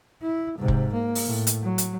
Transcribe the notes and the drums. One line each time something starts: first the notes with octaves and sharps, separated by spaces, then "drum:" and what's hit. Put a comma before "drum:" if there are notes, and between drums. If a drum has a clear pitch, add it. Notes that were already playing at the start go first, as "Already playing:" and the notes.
E4
G#2 C3
drum: kick
A#3
drum: open hi-hat
A2
drum: hi-hat
F#3
drum: hi-hat